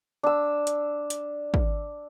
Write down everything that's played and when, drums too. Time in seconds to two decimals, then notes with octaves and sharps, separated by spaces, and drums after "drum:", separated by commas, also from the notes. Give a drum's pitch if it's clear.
0.23 D4 E6
0.67 drum: hi-hat
1.10 drum: hi-hat
1.54 drum: kick